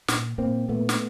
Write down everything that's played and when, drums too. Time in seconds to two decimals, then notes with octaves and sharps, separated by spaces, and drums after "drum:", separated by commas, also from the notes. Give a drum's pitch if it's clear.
0.08 A#2, drum: snare
0.38 A#2 A#3 C4
0.68 A#2 A3 B3
0.89 drum: snare